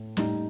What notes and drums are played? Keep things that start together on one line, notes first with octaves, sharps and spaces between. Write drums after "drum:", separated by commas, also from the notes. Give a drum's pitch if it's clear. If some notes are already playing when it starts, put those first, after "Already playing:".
Already playing: A2
A2 G3 D#4, drum: snare